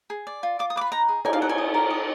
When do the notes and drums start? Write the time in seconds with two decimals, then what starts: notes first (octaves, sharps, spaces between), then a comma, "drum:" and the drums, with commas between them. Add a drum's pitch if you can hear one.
0.10 G#4
0.27 D5
0.43 F4
0.59 F4 D6
0.70 D#6
0.76 B4 D6
0.81 B5
0.92 D#4 A#5
1.09 G#4
1.25 D#4 G#5, drum: cymbal
1.33 F5
1.41 D#4 F#5
1.49 G#5
1.58 D#5
1.74 A#4
1.90 D#5